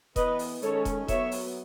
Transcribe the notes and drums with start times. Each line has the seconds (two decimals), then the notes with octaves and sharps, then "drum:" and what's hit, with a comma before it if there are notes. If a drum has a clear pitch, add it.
0.16 E3 B3 B4 D#5, drum: kick E1, hi-hat
0.39 drum: open hi-hat
0.62 D#3 G#3 C#4 A4 C#5, drum: hi-hat
0.85 drum: kick E1, hi-hat
1.08 F#3 B3 C#5 E5, drum: kick E1, hi-hat
1.32 drum: open hi-hat